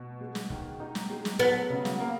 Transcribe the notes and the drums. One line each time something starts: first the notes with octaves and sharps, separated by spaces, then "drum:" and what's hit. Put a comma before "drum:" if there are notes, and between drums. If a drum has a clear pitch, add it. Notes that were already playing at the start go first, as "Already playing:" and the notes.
Already playing: B2
G#3
drum: snare
D#3, drum: kick
D#4
drum: snare
G#3
drum: snare
F#3 B3
C#3
drum: snare
A#3